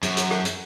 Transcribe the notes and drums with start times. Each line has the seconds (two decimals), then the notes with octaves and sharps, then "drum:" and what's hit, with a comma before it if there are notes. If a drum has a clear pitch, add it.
0.03 F#2, drum: hi-hat
0.17 drum: hi-hat
0.31 drum: rim click
0.45 drum: hi-hat